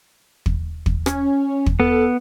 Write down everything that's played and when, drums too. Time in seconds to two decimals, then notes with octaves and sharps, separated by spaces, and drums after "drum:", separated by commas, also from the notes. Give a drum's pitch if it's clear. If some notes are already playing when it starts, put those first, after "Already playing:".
0.46 drum: kick
0.86 drum: kick
1.06 C#4, drum: rim click
1.66 drum: kick
1.80 B3 A4